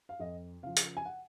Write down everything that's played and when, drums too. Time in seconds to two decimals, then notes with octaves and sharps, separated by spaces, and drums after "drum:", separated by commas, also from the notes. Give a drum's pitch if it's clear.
0.09 F5
0.20 F2 D#5
0.63 C#3 F3 F5
0.77 drum: hi-hat
0.97 G#5
1.05 F#5